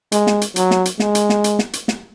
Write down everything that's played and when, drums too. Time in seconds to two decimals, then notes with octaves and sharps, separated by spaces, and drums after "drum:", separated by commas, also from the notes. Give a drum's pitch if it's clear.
0.12 G#3, drum: hi-hat
0.27 drum: snare
0.41 drum: hi-hat
0.56 F#3, drum: hi-hat
0.71 drum: snare
0.85 drum: hi-hat
1.00 G#3, drum: snare
1.15 drum: hi-hat
1.29 drum: snare
1.44 drum: hi-hat
1.59 drum: snare
1.73 drum: hi-hat
1.88 drum: snare